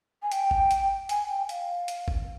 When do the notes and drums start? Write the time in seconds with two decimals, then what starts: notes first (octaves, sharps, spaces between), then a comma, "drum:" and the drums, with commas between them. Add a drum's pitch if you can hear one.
0.23 G#5
0.32 G5, drum: hi-hat
0.51 drum: kick G1
0.71 drum: hi-hat
1.09 G#5, drum: hi-hat
1.29 G5
1.49 F5, drum: hi-hat
1.88 drum: hi-hat
2.08 drum: kick G1